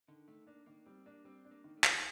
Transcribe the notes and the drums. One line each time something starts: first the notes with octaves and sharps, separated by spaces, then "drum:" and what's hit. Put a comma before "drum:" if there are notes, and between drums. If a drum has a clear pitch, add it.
D3 D#3
D#3 A3
A#3 D4
D#3 A#3
G3 C4
A#3 D4
G3 C4
D4
A#3
D#3
A3
D#3, drum: clap